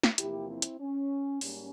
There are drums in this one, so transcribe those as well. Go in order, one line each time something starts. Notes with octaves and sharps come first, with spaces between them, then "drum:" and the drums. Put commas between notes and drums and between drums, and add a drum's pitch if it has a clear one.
drum: snare
E2 C3 F3 A#3 E4 G4, drum: hi-hat
C4 E4
drum: hi-hat
C#4
G#2 G3 A#3 C#4, drum: open hi-hat